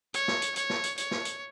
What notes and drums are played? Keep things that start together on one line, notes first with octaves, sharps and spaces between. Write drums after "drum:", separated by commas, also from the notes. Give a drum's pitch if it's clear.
C#5, drum: hi-hat
drum: snare
drum: hi-hat
C#5, drum: hi-hat
drum: snare
drum: hi-hat
C#5, drum: hi-hat
drum: snare
drum: hi-hat